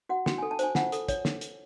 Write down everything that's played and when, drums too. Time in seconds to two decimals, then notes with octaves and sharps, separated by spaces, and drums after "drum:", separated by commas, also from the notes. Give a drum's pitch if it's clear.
0.09 F#4 F#5
0.26 F#4 G5, drum: snare
0.38 A4 G#5
0.51 A5
0.59 C5 G#5, drum: hi-hat
0.75 F4 F#5, drum: snare
0.92 A4, drum: hi-hat
1.09 C#5, drum: kick, hi-hat
1.25 drum: snare
1.41 drum: hi-hat